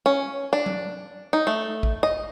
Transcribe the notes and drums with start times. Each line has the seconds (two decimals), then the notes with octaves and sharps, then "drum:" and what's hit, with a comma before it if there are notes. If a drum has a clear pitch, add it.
0.06 C#4
0.53 D4
0.66 drum: tom F#3
1.33 D#4
1.47 A3
1.83 drum: kick
2.03 D#5